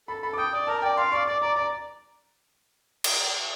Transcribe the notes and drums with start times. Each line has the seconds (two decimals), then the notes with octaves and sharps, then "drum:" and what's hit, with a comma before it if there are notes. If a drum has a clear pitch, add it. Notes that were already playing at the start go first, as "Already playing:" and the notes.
0.08 A4 B5
0.23 A4 B5
0.33 D6
0.38 G5 D#6
0.53 D5 D#6
0.67 A#4 A5
0.82 D5 G5
0.97 F5 C6
1.12 D5 C#6
1.27 D5 D6
1.42 D5 A#5
1.56 D5 A#5
3.04 drum: cymbal